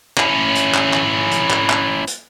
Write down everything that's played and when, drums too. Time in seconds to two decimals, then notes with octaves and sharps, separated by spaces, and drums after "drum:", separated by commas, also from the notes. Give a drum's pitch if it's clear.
0.17 C#4 E4, drum: clap
0.55 drum: hi-hat
0.74 drum: clap
0.93 drum: clap
1.31 drum: hi-hat
1.50 drum: clap
1.69 drum: clap
2.07 drum: hi-hat